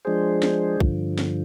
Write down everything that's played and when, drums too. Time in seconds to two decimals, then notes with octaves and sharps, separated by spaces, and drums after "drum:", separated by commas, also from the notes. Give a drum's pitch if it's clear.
0.05 F3 G#3 D4 G#4 C5
0.43 drum: snare
0.80 G2 D3 F3, drum: kick
1.19 drum: snare